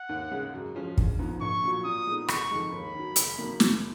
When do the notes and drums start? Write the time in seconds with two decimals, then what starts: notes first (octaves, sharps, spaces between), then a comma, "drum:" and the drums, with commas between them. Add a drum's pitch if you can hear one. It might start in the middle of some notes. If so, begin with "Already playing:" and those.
Already playing: F#5
0.09 D#2
0.31 C#3 G#3
0.54 F#2
0.75 F3 G#3 C#4 F4
0.98 A#1, drum: kick
1.19 G#2 F3 B3
1.41 A#1 C#6
1.63 A#2 F#3
1.85 A#2 D#6
2.07 G#3 B3 D#4
2.28 F#1 C#6, drum: rim click
2.51 F2 D#3 G#3 D#4
2.72 D#2 B5
2.94 D#3 F#3
3.16 F#1, drum: hi-hat
3.38 F#2 D#3 A#3
3.60 F#1, drum: snare